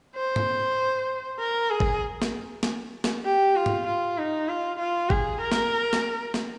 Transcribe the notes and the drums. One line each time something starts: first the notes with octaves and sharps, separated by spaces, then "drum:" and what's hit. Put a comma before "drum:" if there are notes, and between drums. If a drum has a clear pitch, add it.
C5
drum: tom
A#4
G#4
drum: kick
drum: snare
drum: snare
drum: snare
G4
F4
drum: tom
F4
D#4
F4
F4
G#4, drum: kick
A#4
drum: snare
drum: snare
drum: snare